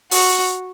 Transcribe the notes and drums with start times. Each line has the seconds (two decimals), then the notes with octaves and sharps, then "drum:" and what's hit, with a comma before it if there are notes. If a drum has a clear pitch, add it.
0.11 F#4, drum: open hi-hat